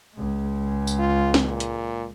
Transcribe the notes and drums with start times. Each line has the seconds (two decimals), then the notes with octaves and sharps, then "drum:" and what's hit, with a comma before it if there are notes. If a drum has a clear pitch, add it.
0.15 C#2 G#3
0.87 drum: tambourine
0.99 F4
1.34 drum: snare
1.44 A#2
1.60 drum: hi-hat